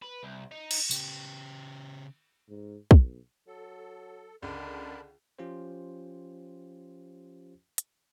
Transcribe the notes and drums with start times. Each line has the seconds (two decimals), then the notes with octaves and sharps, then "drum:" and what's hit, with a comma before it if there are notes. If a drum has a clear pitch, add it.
0.02 B4
0.23 C2
0.52 D#4
0.71 drum: cymbal
0.91 C#3 G4, drum: tambourine
2.49 G#2
2.91 B1, drum: kick
3.47 F#3 A4
4.43 C#2 D3 D4 A#4 A5 B5
5.39 F3 C#4 F4 G4 C5
7.78 drum: hi-hat